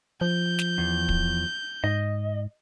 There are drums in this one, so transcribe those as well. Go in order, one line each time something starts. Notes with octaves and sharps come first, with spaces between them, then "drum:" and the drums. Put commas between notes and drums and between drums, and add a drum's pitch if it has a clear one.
F3 G6
drum: snare
E2
drum: kick
G#2 D#5